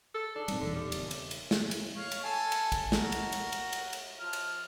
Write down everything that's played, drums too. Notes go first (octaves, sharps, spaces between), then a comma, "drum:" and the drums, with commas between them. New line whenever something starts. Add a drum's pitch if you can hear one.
A4
D4 D#4 G#4
A#2 G3 C4 C7, drum: cymbal
E1 E2 D3
G3 C#7
C#2 E6, drum: cymbal
drum: cymbal
drum: cymbal
drum: snare
drum: cymbal
C#5 F5 C#6
drum: cymbal
A4 G#5
drum: cymbal
drum: kick, cymbal
F#4 A#4, drum: snare
drum: cymbal
drum: cymbal
drum: cymbal
drum: cymbal
drum: cymbal
F3 F6
drum: cymbal